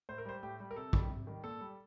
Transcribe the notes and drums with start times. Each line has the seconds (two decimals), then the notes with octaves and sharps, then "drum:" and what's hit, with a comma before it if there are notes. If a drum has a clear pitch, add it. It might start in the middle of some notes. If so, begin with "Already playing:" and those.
0.09 A2 C5
0.18 A#4
0.26 G3 C5
0.43 A2 G4
0.60 G3
0.71 A#4
0.76 C3 A4
0.93 D#3 G3, drum: kick
1.10 C3
1.27 D#3 G3
1.44 A#2 A4
1.61 G3